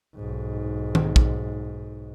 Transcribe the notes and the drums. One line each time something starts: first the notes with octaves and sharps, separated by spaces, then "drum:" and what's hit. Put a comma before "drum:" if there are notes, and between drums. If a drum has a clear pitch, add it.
B1 G#2
drum: tom D#3
drum: kick